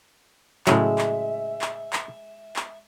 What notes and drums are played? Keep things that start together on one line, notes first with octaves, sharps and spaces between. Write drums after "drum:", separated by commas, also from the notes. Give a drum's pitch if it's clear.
A2 C#3 F#3 G#3 E5, drum: clap
drum: clap
drum: clap
drum: clap
drum: clap